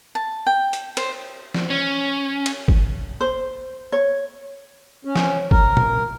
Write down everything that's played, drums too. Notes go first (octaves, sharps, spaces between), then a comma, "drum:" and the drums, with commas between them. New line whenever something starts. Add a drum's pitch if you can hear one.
A5
G5
drum: hi-hat
C5, drum: cymbal
drum: snare
C#4
drum: cymbal
drum: kick G1
C5
C#5
C#4
drum: snare
A#4, drum: kick G1
drum: tom A#2